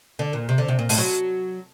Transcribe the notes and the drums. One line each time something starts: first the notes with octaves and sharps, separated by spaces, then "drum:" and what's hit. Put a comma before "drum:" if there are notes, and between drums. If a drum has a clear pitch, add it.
D3
A#2
C3
D3
C3
A#2
A2, drum: open hi-hat
F#3